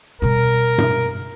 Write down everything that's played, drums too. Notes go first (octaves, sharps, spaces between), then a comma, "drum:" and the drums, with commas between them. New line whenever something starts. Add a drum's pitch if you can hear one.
B2 G3 A#4
drum: tom G2